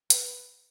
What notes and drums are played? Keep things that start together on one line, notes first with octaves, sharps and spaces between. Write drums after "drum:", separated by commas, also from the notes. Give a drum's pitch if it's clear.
B4, drum: hi-hat